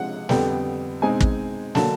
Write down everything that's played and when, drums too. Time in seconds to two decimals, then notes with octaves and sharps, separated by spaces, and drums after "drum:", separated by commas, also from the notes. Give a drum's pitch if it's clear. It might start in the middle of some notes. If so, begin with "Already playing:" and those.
Already playing: C3 F3 G#3 F#5
0.29 F2 D3 G3 B3 G5, drum: snare
1.02 B2 G#3 C4 D#4 G#5
1.20 drum: kick
1.75 D3 F#3 A#3 A5, drum: snare